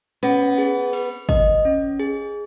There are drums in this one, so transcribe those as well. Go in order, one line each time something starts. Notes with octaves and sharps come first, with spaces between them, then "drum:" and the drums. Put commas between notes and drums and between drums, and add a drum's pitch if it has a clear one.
B3 C#4
G#4
B4, drum: open hi-hat
D#5, drum: kick
C#4
G#4